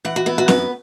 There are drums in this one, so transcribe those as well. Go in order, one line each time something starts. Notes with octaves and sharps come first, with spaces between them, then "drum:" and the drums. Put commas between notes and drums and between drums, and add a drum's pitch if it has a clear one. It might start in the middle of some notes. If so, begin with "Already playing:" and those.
E3 F#5
F#4
B3 E4
F#4
F#2 B4, drum: snare C4